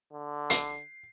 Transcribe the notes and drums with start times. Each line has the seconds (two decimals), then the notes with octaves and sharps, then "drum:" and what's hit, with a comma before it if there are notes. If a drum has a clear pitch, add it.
0.13 D3
0.50 C7, drum: hi-hat